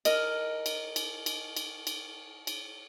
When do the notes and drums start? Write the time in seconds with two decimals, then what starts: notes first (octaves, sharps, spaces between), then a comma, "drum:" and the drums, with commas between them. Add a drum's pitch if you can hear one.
0.05 A#4 D#5, drum: cymbal
0.66 drum: cymbal
0.96 drum: cymbal
1.26 drum: cymbal
1.57 drum: cymbal
1.87 drum: cymbal
2.47 drum: cymbal